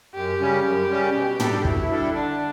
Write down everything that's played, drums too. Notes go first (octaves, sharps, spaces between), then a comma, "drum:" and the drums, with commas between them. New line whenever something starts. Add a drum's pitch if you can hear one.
F#2 G4
C#3 G3 C#4
F#2
C#3 G3 C#4
B2
G3 D4 A4, drum: tom
B2 E4, drum: kick
G3 D4 A4
D3 D4